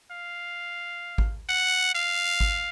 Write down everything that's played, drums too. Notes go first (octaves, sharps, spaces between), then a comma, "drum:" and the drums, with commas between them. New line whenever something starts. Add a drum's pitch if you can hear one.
F5
drum: kick G#1
F#5
F5
drum: kick G#1